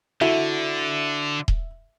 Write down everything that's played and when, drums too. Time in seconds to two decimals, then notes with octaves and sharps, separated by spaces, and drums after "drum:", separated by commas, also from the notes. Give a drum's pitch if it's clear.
0.21 D3 E4 F#4 A4 E5
1.48 drum: kick D#1